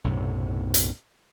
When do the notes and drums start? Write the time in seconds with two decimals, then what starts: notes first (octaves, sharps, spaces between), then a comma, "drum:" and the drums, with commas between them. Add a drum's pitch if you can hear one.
0.04 B1 F#2 A2 C3
0.74 drum: hi-hat